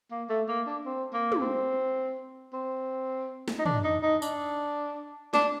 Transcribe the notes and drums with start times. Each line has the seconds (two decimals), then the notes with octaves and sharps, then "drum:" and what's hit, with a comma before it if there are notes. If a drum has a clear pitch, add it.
0.11 A#3
0.29 A3
0.49 A#3
0.67 D4
0.85 C4
1.13 A#3
1.32 drum: tom
1.41 C4
2.53 C4
3.48 drum: snare
3.59 D#4
3.65 D4, drum: tom
3.84 D#4
4.03 D#4
4.22 D4, drum: tambourine
5.34 D4, drum: snare